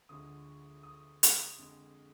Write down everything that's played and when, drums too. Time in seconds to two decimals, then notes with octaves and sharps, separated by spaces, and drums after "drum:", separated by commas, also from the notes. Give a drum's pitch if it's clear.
0.09 D2 D3 F3 G#3 D#6
0.83 D#6
1.23 drum: hi-hat
1.58 F2 D3 G#3